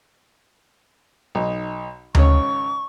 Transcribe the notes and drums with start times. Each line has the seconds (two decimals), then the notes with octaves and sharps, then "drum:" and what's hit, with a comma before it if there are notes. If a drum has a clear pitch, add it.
1.35 B1 D#4
2.15 G#1 C#3 C#5 C#6, drum: tom D2